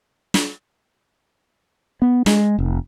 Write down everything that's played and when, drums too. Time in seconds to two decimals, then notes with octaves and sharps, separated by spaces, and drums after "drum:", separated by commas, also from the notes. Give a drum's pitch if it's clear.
0.34 drum: snare
2.02 B3
2.26 G#3, drum: snare
2.58 F1